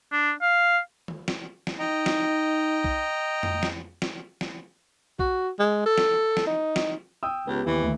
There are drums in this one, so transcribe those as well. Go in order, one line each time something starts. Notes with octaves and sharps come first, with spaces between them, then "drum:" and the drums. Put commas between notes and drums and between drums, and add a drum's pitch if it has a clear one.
D4
F5
drum: tom
drum: snare
drum: snare
D#4 D#5 G5 A#5
drum: snare
drum: kick
drum: tom F2
drum: snare
drum: snare
drum: snare
F#4, drum: kick
G#3
A4
drum: snare
drum: snare
D#4
drum: snare
G5 D#6 E6
C#2 B3 G4
D#2 E3 E4
D2